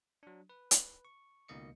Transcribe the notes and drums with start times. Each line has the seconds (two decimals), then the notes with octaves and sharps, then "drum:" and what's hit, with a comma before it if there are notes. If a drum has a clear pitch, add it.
0.23 F#3 D4
0.49 B4
0.71 drum: hi-hat
1.05 C#6
1.48 C#2 B2 D#3 A#3 D#5 C#7